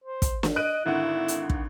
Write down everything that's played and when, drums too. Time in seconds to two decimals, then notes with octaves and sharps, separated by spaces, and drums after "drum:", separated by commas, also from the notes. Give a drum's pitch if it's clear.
0.04 C5
0.22 drum: kick, hi-hat
0.43 drum: snare
0.56 D#5 F#6 D7 D#7
0.86 G#1 D3 E4 F#5
1.28 drum: hi-hat
1.50 drum: kick